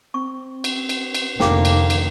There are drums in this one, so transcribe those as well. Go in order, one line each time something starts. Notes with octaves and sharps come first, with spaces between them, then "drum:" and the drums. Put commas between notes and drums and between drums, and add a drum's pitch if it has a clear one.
C4 C#6
drum: cymbal
drum: cymbal
drum: cymbal
F1 D3 D#3 A#3 D#4 G5 G#5 D6, drum: snare
drum: cymbal
drum: cymbal